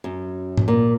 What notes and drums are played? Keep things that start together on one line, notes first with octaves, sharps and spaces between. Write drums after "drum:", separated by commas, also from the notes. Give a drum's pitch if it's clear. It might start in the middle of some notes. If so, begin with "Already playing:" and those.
F#2
drum: tom G#2
A#2